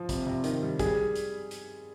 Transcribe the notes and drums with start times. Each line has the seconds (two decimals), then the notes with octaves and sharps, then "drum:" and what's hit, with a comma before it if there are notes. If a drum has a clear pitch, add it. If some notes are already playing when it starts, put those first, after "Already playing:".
Already playing: F3
0.09 C3, drum: kick, hi-hat
0.27 C3
0.44 D#3, drum: hi-hat
0.62 G3
0.79 G3 G#4, drum: kick, hi-hat
1.15 drum: hi-hat
1.51 drum: hi-hat